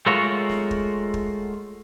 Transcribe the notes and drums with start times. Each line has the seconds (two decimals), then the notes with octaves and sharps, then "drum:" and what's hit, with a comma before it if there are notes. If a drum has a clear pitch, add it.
0.06 G#3 A3 F4 F#4 A#4 C#5
0.49 drum: snare
0.71 drum: kick
1.14 drum: kick